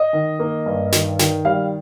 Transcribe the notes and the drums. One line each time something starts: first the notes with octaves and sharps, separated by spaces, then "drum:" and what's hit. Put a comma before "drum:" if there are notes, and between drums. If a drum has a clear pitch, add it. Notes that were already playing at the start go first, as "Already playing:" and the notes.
Already playing: D#5
D#3
A#3
G2
D#3, drum: snare
D#3, drum: snare
G3 F5